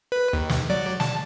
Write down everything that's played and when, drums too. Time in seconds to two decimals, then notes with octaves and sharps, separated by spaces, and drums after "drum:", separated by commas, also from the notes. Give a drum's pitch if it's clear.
0.12 B4
0.33 D#2
0.50 drum: snare
0.70 F#3 D5
1.00 A5, drum: snare